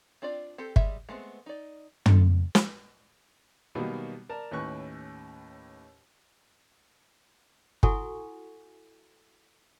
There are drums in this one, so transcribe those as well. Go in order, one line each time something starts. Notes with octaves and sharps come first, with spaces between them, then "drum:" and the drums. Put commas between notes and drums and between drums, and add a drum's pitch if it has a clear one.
C4 D4 F4 D5
C4 G4 A4
G3 G#3 E5, drum: kick
G#3 A3 B3 C4
D#4 D5
F4 A4, drum: tom
drum: snare
B2 D#3 F#3 G3 A#3 B3
A#4 D5 A5
D#2 A2 C#4 B4 C#6 F#6
E4 F#4 A4 F#5 G#5 C#6, drum: kick